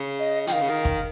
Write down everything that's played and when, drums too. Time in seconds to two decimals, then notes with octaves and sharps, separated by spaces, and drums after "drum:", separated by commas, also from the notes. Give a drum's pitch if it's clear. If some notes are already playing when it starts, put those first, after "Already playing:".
Already playing: C#3
0.19 D#5
0.47 F3 G5, drum: hi-hat
0.52 D#3 F5
0.61 C#3
0.69 D#3
0.85 drum: kick